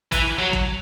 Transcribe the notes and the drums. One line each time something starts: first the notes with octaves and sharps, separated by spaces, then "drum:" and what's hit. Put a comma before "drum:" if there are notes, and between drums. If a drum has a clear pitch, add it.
E3, drum: kick, hi-hat
F#3
drum: kick